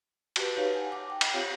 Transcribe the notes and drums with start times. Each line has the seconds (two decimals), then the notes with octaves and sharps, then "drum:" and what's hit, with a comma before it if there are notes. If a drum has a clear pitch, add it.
0.36 F#4 G4 B4, drum: cymbal
0.56 D#4 G4 B4 C#5 F5
0.73 F#5 G#5
0.92 D6
1.10 G5
1.21 drum: cymbal
1.33 C4 F4 G4 C#5 F5